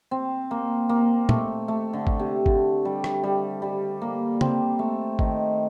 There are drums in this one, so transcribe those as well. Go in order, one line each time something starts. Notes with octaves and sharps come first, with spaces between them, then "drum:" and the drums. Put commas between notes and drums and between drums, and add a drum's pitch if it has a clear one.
C4
A#3
A#3
A3, drum: tom
A3
D3
drum: kick G#1
C3
D3, drum: kick G#1
G3
drum: rim click
G3
G3
A#3
C4, drum: tom
A3
D#3, drum: kick G#1